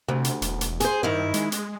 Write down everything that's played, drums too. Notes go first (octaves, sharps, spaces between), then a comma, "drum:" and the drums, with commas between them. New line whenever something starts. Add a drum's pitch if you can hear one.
D2 C3
drum: hi-hat
E1, drum: hi-hat
drum: hi-hat
G#4 C5, drum: hi-hat
G2 D#3 E4
G#3, drum: hi-hat
drum: hi-hat